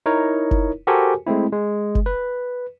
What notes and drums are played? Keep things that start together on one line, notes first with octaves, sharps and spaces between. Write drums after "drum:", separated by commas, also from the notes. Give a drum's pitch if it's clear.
D#4 E4 A#4 C#5
drum: kick F#1
F#4 G4 A4 A#4 C5 G#5
G#3 A3 C4 E4
G#3
drum: kick F#1
B4